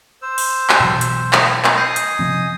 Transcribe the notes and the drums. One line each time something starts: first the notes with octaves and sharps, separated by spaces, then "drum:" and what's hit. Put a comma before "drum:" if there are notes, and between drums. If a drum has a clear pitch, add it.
C5 E6
drum: open hi-hat
drum: clap
B2 E3 F#3
drum: hi-hat
drum: clap
drum: clap
D#5 G#5 D#6 G6 A#6 C7
drum: hi-hat
C3 F3 C4